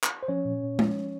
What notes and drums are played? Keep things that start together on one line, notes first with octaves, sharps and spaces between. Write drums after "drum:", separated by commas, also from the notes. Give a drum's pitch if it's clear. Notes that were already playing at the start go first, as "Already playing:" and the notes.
drum: clap
C5
F3 C#4 C#5
A#2
A#2
F3, drum: tom G#3
F3